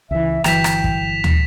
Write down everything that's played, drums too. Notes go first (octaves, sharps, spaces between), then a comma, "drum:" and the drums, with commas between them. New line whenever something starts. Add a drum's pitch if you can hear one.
C#2 E3 E5
G1 E3 F#3 G5 B6 E7 F7, drum: rim click
drum: rim click
drum: kick
drum: tom